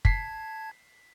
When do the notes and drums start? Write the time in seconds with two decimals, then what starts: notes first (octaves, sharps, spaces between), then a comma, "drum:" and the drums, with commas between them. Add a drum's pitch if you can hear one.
0.05 A5 G#6 B6 C7, drum: kick